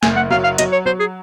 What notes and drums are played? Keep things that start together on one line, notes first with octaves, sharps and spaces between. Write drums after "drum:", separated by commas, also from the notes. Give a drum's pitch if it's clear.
F#1 G#5, drum: snare
F#5
F#3 F5
F5
F#3 D#5, drum: hi-hat
C#5
F#3 C5
G#4